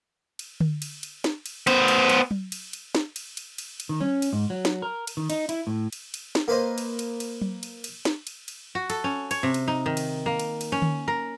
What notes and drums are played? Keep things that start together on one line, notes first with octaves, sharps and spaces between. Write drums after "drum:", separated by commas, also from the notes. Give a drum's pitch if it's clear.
drum: cymbal
drum: tom D3
drum: cymbal
drum: cymbal
drum: snare
drum: cymbal
B3 C5, drum: cymbal
drum: cymbal
drum: cymbal
drum: tom F#3
drum: cymbal
drum: cymbal
drum: snare
drum: cymbal
drum: cymbal
drum: cymbal
drum: cymbal
D#3
C#4, drum: tom F#3
drum: cymbal
G#2
F#3
drum: snare
A#4
drum: cymbal
D#3
D#4, drum: cymbal
E4, drum: cymbal
A2
drum: cymbal
drum: cymbal
drum: snare
A#3 B4 C5 D#5
drum: cymbal
drum: cymbal
drum: cymbal
drum: tom F#3
drum: cymbal
drum: cymbal
drum: snare
drum: cymbal
drum: cymbal
F#4
A4, drum: cymbal
C#4
C#5, drum: cymbal
C3
drum: cymbal
D#4
D#3
drum: cymbal
A#3
drum: cymbal
drum: cymbal
C#4
drum: tom D3
A#4